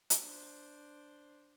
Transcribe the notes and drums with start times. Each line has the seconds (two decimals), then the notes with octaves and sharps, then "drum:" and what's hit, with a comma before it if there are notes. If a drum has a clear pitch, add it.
0.10 drum: hi-hat
0.21 D4 C5